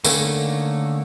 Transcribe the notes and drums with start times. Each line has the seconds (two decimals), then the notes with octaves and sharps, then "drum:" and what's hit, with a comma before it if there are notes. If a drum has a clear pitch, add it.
0.05 D3 D#3 A3 A#3 C#4, drum: tambourine